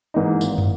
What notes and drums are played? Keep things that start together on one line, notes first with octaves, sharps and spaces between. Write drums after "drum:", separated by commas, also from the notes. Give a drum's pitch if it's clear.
G#2 E3 A#3 D#4
G#1, drum: tambourine
drum: tom